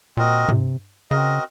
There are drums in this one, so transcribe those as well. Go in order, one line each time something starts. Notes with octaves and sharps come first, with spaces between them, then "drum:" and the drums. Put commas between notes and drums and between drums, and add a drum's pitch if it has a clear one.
A#2 C4 F#4 A#4 D#5
C3, drum: tom G2
C#3 C4 F#4 A#4 D#5